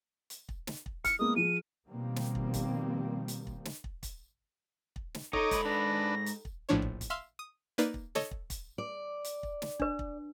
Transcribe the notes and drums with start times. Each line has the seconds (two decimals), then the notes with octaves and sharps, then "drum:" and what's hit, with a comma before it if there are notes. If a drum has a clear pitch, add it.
0.30 drum: hi-hat
0.49 drum: kick
0.67 drum: snare
0.86 drum: kick
1.05 F6 C#7, drum: kick, hi-hat
1.19 G#3 A#3 B3 D#6
1.36 F3 G#4 D#7
1.89 B2 D#3 F3 G3 A#3 C4
2.16 drum: snare
2.35 drum: kick
2.54 drum: kick, hi-hat
3.28 drum: hi-hat
3.47 drum: kick
3.65 drum: snare
3.84 drum: kick
4.03 drum: kick, hi-hat
4.96 drum: kick
5.15 drum: snare
5.33 D#4 A4 C#5 D#5 D6 D#7, drum: kick
5.51 G#2 B5, drum: kick, hi-hat
5.65 D4 B4 A#6
6.26 drum: hi-hat
6.45 drum: kick
6.69 A#1 A2 F3 D4 C#5
6.82 drum: kick
7.01 drum: kick, hi-hat
7.10 E5 F5 C6 E6 F6
7.39 D#6
7.78 A#3 D#4 B4 D5 F5, drum: hi-hat
7.94 drum: kick
8.15 A4 C#5 D#5 E6, drum: snare
8.31 drum: kick
8.50 drum: kick, hi-hat
8.78 D5
9.24 drum: hi-hat
9.43 drum: kick
9.62 drum: snare
9.80 D4 B4, drum: kick
9.99 drum: kick